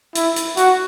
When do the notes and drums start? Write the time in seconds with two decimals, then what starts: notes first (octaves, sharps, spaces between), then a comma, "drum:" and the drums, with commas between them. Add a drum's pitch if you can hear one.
0.15 E4, drum: hi-hat
0.36 drum: hi-hat
0.57 F#4, drum: hi-hat